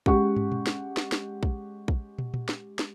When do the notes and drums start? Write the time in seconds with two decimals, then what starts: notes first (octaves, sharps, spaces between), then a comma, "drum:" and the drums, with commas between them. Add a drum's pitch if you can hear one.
0.06 G#3 C#4 G4 F#5 C#6, drum: kick
0.36 drum: tom
0.52 drum: tom A#2
0.67 drum: snare
0.97 drum: snare
1.12 drum: snare
1.43 drum: kick
1.88 drum: kick
2.18 drum: tom
2.34 drum: tom A#2
2.49 drum: snare
2.79 drum: snare